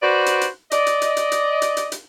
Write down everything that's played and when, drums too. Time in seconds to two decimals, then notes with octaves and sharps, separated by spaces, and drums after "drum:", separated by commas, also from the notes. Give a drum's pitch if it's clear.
0.02 F#4 B4 C5 D5
0.26 drum: hi-hat
0.41 drum: hi-hat
0.71 D5 D#5, drum: hi-hat
0.87 drum: hi-hat
1.02 drum: hi-hat
1.17 drum: hi-hat
1.32 drum: hi-hat
1.62 drum: hi-hat
1.77 drum: hi-hat
1.92 drum: hi-hat